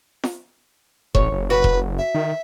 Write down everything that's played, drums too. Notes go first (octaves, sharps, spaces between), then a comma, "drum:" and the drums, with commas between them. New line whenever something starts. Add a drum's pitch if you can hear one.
drum: snare
A1 C#5, drum: kick E1
F#1
F#4 B4
drum: kick E1
E5
D#3